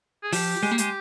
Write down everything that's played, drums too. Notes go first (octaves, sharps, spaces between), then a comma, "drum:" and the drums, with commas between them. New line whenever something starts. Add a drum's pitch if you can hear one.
G#4
F3 G4, drum: open hi-hat
G#3
A#3
G#3 G4, drum: hi-hat